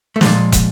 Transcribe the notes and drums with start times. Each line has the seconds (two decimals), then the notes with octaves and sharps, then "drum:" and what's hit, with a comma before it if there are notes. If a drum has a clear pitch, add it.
0.16 A3
0.21 A#2 F3 G#3, drum: snare
0.52 drum: kick, hi-hat